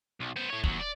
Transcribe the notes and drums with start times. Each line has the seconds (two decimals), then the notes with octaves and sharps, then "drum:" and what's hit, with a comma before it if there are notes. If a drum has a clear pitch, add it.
0.20 B1
0.36 B3 C5
0.50 A2 C#5
0.64 D#2 F#3, drum: kick
0.80 D5